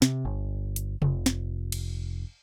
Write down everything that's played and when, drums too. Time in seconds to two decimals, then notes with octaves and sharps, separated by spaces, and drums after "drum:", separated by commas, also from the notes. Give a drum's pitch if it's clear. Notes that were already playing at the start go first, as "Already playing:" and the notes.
0.02 C3, drum: snare
0.25 G1
0.76 drum: hi-hat
1.02 F1, drum: tom C3
1.26 drum: snare
1.72 drum: cymbal